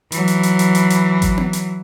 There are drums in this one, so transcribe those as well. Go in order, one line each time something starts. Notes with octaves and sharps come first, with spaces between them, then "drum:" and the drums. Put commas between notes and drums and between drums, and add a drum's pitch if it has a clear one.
E3 F#3, drum: hi-hat
drum: hi-hat
drum: hi-hat
drum: hi-hat
drum: hi-hat
drum: hi-hat
drum: kick G#1, hi-hat
drum: tom B3
drum: hi-hat